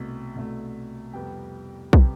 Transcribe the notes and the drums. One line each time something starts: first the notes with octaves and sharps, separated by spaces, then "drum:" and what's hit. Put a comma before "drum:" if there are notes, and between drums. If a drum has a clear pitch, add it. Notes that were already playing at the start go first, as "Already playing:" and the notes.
Already playing: C2 B2 A3
C2 B2 A3
F2 C3 G3 B3 G5
C3 G3 B3, drum: kick